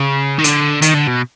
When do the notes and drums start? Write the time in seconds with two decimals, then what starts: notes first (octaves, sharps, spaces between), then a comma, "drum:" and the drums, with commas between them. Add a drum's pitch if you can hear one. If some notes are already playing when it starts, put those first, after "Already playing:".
Already playing: C#3
0.38 D#3
0.44 D3, drum: hi-hat
0.82 D#3, drum: hi-hat
0.94 D3
1.07 B2